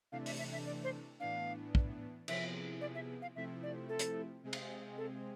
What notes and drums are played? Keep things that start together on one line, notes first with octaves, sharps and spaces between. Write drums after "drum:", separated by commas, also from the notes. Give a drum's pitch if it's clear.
C3 E3 A3 D4 F5
E5, drum: open hi-hat
E5
E5
D5
C5
A2 E3 B3 D4 F5
drum: kick
C3 F3 B3 E4 G#4 E5, drum: cymbal
D5
E5
F5
C3 F3 A3 C4 E4 E5
D5
A4
drum: hi-hat
C3 G#3 C4 G#4
drum: cymbal
A4